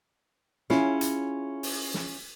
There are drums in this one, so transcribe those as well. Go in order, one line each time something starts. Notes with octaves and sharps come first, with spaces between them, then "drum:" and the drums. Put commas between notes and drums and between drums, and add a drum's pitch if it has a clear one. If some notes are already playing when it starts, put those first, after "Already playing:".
C#4 E4 F4 G#4, drum: snare
drum: hi-hat
drum: open hi-hat
drum: snare